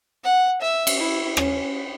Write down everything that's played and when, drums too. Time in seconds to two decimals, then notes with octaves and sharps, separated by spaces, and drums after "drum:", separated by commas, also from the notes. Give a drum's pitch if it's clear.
0.24 F#5
0.61 E5
0.87 drum: cymbal
0.99 E4
1.37 C#4, drum: rim click